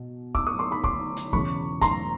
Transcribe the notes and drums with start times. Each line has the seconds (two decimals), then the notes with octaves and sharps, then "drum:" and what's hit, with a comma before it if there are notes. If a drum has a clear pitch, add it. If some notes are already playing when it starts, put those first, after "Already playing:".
Already playing: B2
0.35 D6 E6, drum: kick
0.47 C#6 D#6
0.59 C6 D6
0.71 B5 C#6
0.84 C6 D6, drum: kick
1.17 drum: hi-hat
1.33 E1 E2 C#3 E3 B5 C#6, drum: kick
1.81 A#5 C6, drum: kick, hi-hat